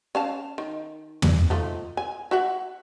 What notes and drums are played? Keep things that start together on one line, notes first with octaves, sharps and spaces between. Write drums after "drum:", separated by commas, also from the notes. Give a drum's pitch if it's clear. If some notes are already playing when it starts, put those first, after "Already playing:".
C#4 F5 A5
D#3
drum: tom
F3 A3 D#4
G#5
F#4 E5 F#5